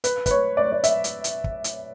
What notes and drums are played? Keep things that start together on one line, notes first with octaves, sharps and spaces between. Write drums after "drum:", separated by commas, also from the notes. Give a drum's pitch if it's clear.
B4, drum: hi-hat
B4, drum: kick, hi-hat
C#5
D5
C#5
D5
E5, drum: hi-hat
drum: hi-hat
drum: hi-hat
drum: kick
drum: hi-hat